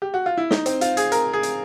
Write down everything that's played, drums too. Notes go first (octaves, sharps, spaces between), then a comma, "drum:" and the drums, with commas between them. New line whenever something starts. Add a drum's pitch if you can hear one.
G4
F#4
F4
E4
D#4, drum: snare
C4, drum: hi-hat
F4, drum: hi-hat
G#4, drum: hi-hat
A#4, drum: hi-hat
G#4
drum: hi-hat